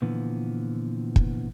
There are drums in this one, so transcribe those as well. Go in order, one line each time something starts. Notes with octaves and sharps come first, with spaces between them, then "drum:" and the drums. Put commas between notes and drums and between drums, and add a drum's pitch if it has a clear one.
A#2 D3 E3 F3 B3
drum: kick